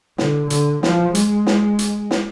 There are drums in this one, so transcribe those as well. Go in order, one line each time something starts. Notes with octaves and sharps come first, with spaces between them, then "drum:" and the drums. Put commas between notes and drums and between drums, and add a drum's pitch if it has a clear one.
D3, drum: snare
D3, drum: hi-hat
F3, drum: snare
G#3, drum: hi-hat
drum: snare
drum: hi-hat
drum: snare